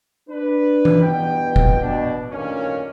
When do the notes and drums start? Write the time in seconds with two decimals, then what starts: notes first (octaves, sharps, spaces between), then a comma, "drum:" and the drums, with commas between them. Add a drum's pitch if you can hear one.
0.29 D4 B4
0.85 drum: tom E3
1.03 E2 G2 B2 B3 G5
1.56 drum: kick
1.82 B2 D4
2.31 D2 G2 A#2 D#3 A#3 C#4